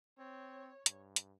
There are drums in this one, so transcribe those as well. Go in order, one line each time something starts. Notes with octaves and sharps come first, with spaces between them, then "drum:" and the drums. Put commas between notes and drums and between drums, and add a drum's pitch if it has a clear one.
C4 C#5
G2, drum: hi-hat
drum: hi-hat